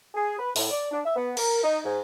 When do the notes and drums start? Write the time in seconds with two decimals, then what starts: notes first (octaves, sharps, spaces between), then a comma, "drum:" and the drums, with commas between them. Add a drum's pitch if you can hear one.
0.14 G#4
0.39 B4
0.56 A2, drum: open hi-hat
0.71 D5
0.91 D4
1.04 E5
1.16 B3
1.37 A#4, drum: cymbal
1.63 D#4
1.85 G#2